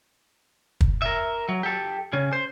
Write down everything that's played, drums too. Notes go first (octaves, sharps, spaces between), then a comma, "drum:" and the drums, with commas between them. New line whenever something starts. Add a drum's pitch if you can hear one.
drum: kick
A#4 E5
F#3
G4 A4
C#3 C#4
C5